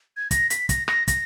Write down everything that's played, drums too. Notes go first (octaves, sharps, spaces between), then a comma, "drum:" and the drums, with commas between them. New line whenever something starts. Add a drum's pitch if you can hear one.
G#6
A#6, drum: kick, hi-hat
B6, drum: hi-hat
A#6, drum: kick, hi-hat
A#6, drum: rim click
A#6, drum: kick, hi-hat